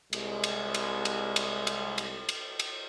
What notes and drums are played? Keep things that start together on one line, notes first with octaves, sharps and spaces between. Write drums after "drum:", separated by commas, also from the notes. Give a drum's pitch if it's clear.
C2 G#3, drum: cymbal
drum: cymbal
drum: cymbal
drum: cymbal
drum: cymbal
drum: cymbal
drum: cymbal
drum: cymbal
drum: cymbal